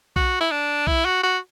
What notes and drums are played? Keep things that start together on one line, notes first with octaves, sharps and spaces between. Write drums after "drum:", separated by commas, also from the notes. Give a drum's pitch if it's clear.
F#4, drum: kick B1
E4
D4
E4, drum: kick B1
F#4
F#4